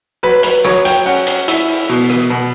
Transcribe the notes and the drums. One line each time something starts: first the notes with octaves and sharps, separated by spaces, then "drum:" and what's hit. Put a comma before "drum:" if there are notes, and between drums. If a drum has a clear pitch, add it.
F#3 B4
B4, drum: hi-hat
F#3 C#5, drum: rim click
G5, drum: hi-hat
C#4 F#5, drum: open hi-hat
drum: hi-hat
E4, drum: hi-hat
drum: open hi-hat
B2
drum: rim click
B2